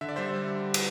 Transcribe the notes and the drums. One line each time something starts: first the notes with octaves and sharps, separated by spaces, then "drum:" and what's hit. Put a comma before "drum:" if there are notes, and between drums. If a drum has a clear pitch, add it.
D3 E5
D5
G3 C5 E5
G3
drum: cymbal